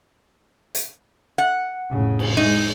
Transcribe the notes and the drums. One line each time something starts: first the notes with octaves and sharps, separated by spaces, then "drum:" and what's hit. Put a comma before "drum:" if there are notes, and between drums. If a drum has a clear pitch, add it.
drum: hi-hat
F#5
F1 A2 C#3
drum: cymbal
G#3 D#4